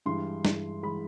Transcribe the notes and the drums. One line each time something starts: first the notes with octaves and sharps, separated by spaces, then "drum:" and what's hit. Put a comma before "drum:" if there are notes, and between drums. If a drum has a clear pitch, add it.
G2 E3 G#3 C6
G2 E3 G#3, drum: snare
E3 G#3 B5